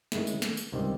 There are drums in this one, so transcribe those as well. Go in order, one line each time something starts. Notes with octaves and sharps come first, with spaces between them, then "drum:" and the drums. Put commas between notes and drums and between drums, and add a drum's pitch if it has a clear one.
D#3 G#3 C#4 E4, drum: snare
drum: tambourine
drum: snare
drum: tambourine
C#2 C3 D#3 G3 C4